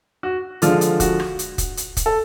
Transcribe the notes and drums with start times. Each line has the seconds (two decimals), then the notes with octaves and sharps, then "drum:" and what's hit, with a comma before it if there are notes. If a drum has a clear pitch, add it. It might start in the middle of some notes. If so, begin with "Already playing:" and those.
0.23 F#4
0.62 D3 F3 G#3 F4, drum: hi-hat
0.81 drum: hi-hat
1.00 F#4, drum: kick, hi-hat
1.20 drum: rim click
1.39 drum: hi-hat
1.58 drum: kick, hi-hat
1.77 drum: hi-hat
1.97 drum: kick, hi-hat
2.06 A4